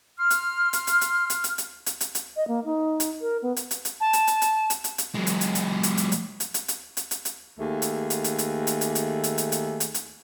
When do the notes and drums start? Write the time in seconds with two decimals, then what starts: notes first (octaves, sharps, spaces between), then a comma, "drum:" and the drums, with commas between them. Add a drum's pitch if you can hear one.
0.20 C6 F6
0.30 drum: hi-hat
0.73 drum: hi-hat
0.87 drum: hi-hat
1.01 drum: hi-hat
1.30 drum: hi-hat
1.44 drum: hi-hat
1.58 drum: hi-hat
1.86 drum: hi-hat
2.01 drum: hi-hat
2.15 drum: hi-hat
2.36 D#5
2.48 A#3
2.65 D#4
3.00 drum: hi-hat
3.21 A#4
3.42 B3
3.56 drum: hi-hat
3.71 drum: hi-hat
3.85 drum: hi-hat
4.01 A5
4.13 drum: hi-hat
4.27 drum: hi-hat
4.42 drum: hi-hat
4.70 drum: hi-hat
4.84 drum: hi-hat
4.98 drum: hi-hat
5.15 F#3 G#3
5.27 drum: hi-hat
5.41 drum: hi-hat
5.55 drum: hi-hat
5.83 drum: hi-hat
5.97 drum: hi-hat
6.12 drum: hi-hat
6.40 drum: hi-hat
6.54 drum: hi-hat
6.68 drum: hi-hat
6.97 drum: hi-hat
7.11 drum: hi-hat
7.25 drum: hi-hat
7.59 D#2 A3 G#4
7.82 drum: hi-hat
8.10 drum: hi-hat
8.24 drum: hi-hat
8.38 drum: hi-hat
8.67 drum: hi-hat
8.81 drum: hi-hat
8.95 drum: hi-hat
9.24 drum: hi-hat
9.38 drum: hi-hat
9.52 drum: hi-hat
9.80 drum: hi-hat
9.94 drum: hi-hat